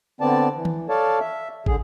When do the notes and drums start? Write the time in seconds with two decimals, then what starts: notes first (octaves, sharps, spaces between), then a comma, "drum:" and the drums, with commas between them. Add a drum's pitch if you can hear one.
0.21 D3 B3 C4 D5 A5
0.55 E3
0.65 drum: tom D#3
0.89 A4 C#5 D5 F5 A5
1.20 E5
1.66 D3 G#4, drum: kick